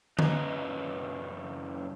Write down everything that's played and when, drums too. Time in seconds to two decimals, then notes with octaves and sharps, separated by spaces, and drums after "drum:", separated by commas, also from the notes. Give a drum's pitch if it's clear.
0.19 F#2 C#3 B4 D#5 A#5, drum: tom D3